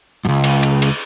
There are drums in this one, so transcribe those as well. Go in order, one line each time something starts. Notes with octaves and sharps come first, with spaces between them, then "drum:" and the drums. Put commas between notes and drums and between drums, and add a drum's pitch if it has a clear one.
C#2 F#2
drum: cymbal
drum: cymbal
drum: cymbal